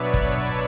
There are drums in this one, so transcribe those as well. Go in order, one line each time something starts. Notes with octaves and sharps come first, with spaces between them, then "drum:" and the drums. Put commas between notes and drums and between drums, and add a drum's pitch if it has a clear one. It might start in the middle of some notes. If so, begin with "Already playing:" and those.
Already playing: B2 F#3 B3 D4 B4 C#5 D5 E5
drum: kick